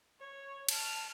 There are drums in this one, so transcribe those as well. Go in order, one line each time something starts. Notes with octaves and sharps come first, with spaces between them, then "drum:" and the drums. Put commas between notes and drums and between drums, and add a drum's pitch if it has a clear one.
C#5
A5 F6, drum: cymbal